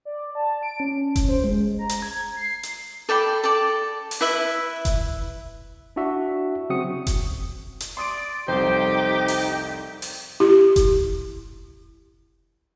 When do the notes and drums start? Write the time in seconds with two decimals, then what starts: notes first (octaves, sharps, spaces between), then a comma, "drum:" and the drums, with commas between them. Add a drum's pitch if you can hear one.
0.05 D5
0.35 A5
0.63 D7
0.80 C#4
1.16 drum: kick F1, hi-hat
1.29 C5
1.44 G#3
1.79 A#5
1.89 drum: hi-hat
2.02 G#6
2.37 C7
2.63 drum: hi-hat
3.09 A4 D5 G5 B5
3.43 A4 D5
4.11 drum: open hi-hat
4.21 E4 B4 E5
4.85 drum: kick F1, hi-hat
5.96 D4 E4 F#4 E5
6.70 C#3 F#3 C4 F#4 D#6 C#7
7.07 drum: kick F1, hi-hat
7.80 drum: hi-hat
7.97 D5 C6 D#6 D7
8.48 F1 C2 D#4 G4 C5 G5
9.28 drum: open hi-hat
10.02 drum: open hi-hat
10.40 E4 G4
10.76 drum: kick F1, hi-hat